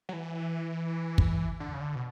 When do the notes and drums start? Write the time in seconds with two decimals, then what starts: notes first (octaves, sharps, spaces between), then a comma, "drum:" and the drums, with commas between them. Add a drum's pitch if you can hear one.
0.09 F#3
0.13 E3
1.18 drum: kick
1.60 D3
1.73 C#3
1.81 D3
1.96 B2